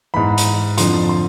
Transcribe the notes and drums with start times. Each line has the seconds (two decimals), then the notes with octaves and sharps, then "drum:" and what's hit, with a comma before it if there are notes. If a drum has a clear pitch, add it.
0.14 G#2 E3 B5
0.38 drum: hi-hat
0.78 F2 D3 F3 C6, drum: hi-hat
1.09 C6